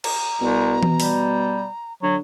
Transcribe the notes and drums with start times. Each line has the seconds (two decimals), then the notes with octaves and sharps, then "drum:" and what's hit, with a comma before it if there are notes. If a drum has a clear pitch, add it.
0.04 A#5, drum: cymbal
0.41 C2 B2
0.83 drum: tom E3
1.00 G3, drum: open hi-hat
2.03 D3 F#3